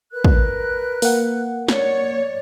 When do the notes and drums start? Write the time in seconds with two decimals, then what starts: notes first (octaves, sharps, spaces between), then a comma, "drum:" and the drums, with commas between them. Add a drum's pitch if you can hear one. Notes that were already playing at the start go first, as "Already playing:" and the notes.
0.12 A#4 B4 F#6
0.24 drum: kick
1.02 A#3 F#5, drum: open hi-hat
1.68 C#5 D5, drum: snare